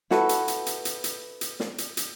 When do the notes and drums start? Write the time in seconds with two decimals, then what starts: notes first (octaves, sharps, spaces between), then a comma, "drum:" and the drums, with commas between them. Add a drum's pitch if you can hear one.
0.11 E4 F#4 A4 B4, drum: snare
0.29 drum: hi-hat
0.48 drum: hi-hat
0.66 drum: hi-hat
0.85 drum: hi-hat
1.04 drum: hi-hat
1.41 drum: hi-hat
1.60 drum: snare
1.78 drum: hi-hat
1.97 drum: hi-hat